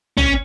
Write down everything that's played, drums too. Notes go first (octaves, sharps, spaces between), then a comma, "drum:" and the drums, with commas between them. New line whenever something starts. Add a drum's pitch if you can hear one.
C#4, drum: tom A#1